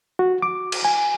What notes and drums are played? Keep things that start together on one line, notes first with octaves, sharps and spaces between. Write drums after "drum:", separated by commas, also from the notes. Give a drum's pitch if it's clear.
F#4
D6
drum: cymbal
G#5